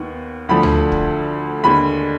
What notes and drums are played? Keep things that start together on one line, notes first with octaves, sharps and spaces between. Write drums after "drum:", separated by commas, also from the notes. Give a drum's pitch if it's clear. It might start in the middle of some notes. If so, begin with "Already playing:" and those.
Already playing: D#2 D#3 B3
D2 D3 F3 B5
drum: tom D2
drum: kick
D#2 D3 G#3 B5